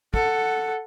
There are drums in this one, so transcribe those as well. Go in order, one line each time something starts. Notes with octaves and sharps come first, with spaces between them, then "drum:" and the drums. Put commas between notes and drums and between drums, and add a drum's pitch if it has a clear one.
A4 F#5, drum: kick